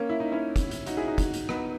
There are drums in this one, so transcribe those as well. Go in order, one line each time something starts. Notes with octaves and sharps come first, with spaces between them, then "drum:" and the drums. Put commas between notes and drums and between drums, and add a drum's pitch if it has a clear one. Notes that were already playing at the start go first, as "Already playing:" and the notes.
Already playing: A#3 C#4
E4
D#4
C#4 E4
drum: kick, hi-hat
drum: hi-hat
D#4 F#4, drum: hi-hat
E4 G#4
D#4 F#4
drum: kick, hi-hat
drum: hi-hat
B3 D#4, drum: rim click